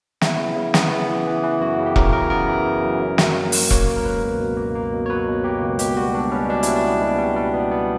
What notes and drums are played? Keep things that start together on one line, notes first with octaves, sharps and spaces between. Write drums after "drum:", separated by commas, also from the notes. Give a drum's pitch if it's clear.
B3 E4, drum: snare
C#3
C#3
B3, drum: snare
B3
E3
E3
E3
F#2 F#4
C#3
G4
C#3 A#4, drum: kick E1
C#3 A#4
B3 A#4
E3
C#3
F#2
F#3
F#3, drum: snare
A#3
A#3, drum: open hi-hat
A#3 C#5, drum: kick E1
A#3
A#4
C#2 B4
B2
B2
A#3
A#3
B2
C#5
F#3 B4
B2
A#3 G4
C#2
B2 G4, drum: hi-hat
G3 F#4
B2 D4
G3 C#4
B2 D4
G3 E4, drum: hi-hat
D4
B3
B2
G3
G3
B3
B3